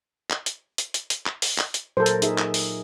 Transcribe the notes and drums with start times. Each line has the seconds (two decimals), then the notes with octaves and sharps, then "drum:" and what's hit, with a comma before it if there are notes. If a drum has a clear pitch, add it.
0.30 drum: clap
0.46 drum: hi-hat
0.78 drum: hi-hat
0.94 drum: hi-hat
1.10 drum: hi-hat
1.26 drum: clap
1.42 drum: open hi-hat
1.58 drum: clap
1.74 drum: hi-hat
1.97 A#2 F#3 A4 A#4 C5
2.06 drum: hi-hat
2.22 D#4 G#4 E5, drum: hi-hat
2.38 drum: clap
2.54 drum: open hi-hat